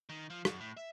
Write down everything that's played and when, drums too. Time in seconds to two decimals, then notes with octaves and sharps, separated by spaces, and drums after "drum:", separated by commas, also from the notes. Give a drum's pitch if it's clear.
0.09 D#3
0.30 F3
0.45 F#2, drum: rim click
0.60 A2
0.77 E5